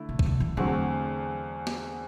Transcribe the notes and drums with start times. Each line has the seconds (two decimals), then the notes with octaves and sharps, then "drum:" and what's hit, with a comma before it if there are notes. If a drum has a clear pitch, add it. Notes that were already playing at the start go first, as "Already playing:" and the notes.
Already playing: D3 A3 E4
0.09 C3
0.19 B2, drum: kick
0.26 C3
0.40 E3
0.57 E2 D3 F#3 A3 C4 F#4
1.67 drum: snare